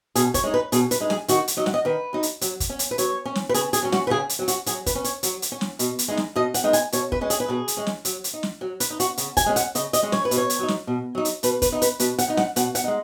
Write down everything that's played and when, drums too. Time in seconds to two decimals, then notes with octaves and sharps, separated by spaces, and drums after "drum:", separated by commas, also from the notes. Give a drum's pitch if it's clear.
0.15 B2 G#4, drum: hi-hat
0.34 C#5, drum: kick, hi-hat
0.44 G#3 D#4
0.54 B4
0.72 B2 G#4, drum: hi-hat
0.91 B4, drum: hi-hat
1.00 G#3 D#4
1.10 G#4, drum: snare
1.28 D#3 F#4, drum: hi-hat
1.48 drum: hi-hat
1.57 F#3 D#4 D#5
1.66 F#5, drum: snare
1.74 D#5
1.85 D#3 B4
2.13 F#3 D#4
2.23 drum: hi-hat
2.41 F#3, drum: hi-hat
2.60 drum: kick, hi-hat
2.70 C#4
2.79 drum: hi-hat
2.91 B4
2.98 F#3 C#5, drum: hi-hat
3.25 C#4
3.35 drum: snare
3.49 B4
3.54 C#3 G#4, drum: hi-hat
3.73 G#4, drum: hi-hat
3.82 F#3 C#4
3.92 F#4, drum: snare
4.07 B4
4.10 C#3 G#4
4.29 drum: hi-hat
4.39 F#3 C#4
4.48 F#4, drum: hi-hat
4.66 F#3 G#4, drum: hi-hat
4.86 B4, drum: kick, hi-hat
4.95 C#4
5.04 C#5, drum: hi-hat
5.23 F#3, drum: hi-hat
5.42 drum: hi-hat
5.52 C#4
5.61 drum: snare
5.79 B2, drum: hi-hat
5.99 drum: hi-hat
6.08 G#3 B3 D#4
6.17 drum: snare
6.36 B2 D#5
6.54 F#5, drum: hi-hat
6.64 G#3 B3 D#4
6.73 G#5, drum: hi-hat
6.92 B2 C#5, drum: hi-hat
7.12 B4, drum: kick
7.21 G#3 C#4
7.30 G#4, drum: hi-hat
7.40 B4
7.49 B2 G#4
7.68 drum: hi-hat
7.77 G#3 C#4
7.86 drum: snare
8.05 F#3, drum: hi-hat
8.24 drum: hi-hat
8.33 D#4
8.43 drum: snare
8.61 F#3
8.80 B4, drum: hi-hat
8.90 D#4
9.00 F#4, drum: hi-hat
9.17 C#3, drum: hi-hat
9.37 G#5, drum: kick, hi-hat
9.46 G#3 C#4
9.56 F#5, drum: hi-hat
9.75 C#3 D#5, drum: hi-hat
9.93 D#5, drum: hi-hat
10.03 G#3 C#4
10.12 C#5, drum: snare
10.25 B4
10.31 B2, drum: hi-hat
10.37 C#5
10.50 drum: hi-hat
10.59 F#3 D#4
10.68 drum: snare
10.87 B2
11.15 F#3 D#4
11.25 drum: hi-hat
11.43 B2 B4, drum: hi-hat
11.62 B4, drum: kick, hi-hat
11.72 B3 D#4
11.82 B4, drum: hi-hat
12.00 B2 B4, drum: hi-hat
12.18 F#5, drum: hi-hat
12.28 B3 D#4
12.37 F#5, drum: snare
12.56 B2 F#5, drum: hi-hat
12.75 F#5, drum: hi-hat
12.84 G#3 D#4